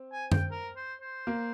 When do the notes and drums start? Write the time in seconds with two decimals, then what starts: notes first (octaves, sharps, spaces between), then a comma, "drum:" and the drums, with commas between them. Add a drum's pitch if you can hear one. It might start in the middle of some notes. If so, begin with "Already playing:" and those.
Already playing: C4
0.12 G#5
0.32 G5, drum: tom F#2
0.51 A#4
0.76 C5
1.01 C5
1.27 A#3